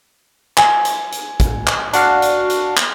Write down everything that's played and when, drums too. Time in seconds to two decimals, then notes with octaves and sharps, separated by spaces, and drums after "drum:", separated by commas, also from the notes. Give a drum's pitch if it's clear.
0.57 G#5, drum: clap
0.85 drum: hi-hat
1.12 drum: hi-hat
1.40 drum: kick, hi-hat
1.67 drum: clap
1.93 D4 F#4 F5, drum: hi-hat
2.22 drum: hi-hat
2.50 drum: hi-hat
2.77 drum: clap